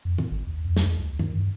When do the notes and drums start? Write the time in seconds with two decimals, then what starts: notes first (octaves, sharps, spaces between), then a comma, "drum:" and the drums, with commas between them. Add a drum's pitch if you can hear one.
0.05 F2
0.18 A2, drum: tom D#3
0.31 G#1
0.47 D#2
0.65 F2
0.76 drum: snare
0.86 E2
0.99 D2
1.19 D#3, drum: tom G2
1.36 G2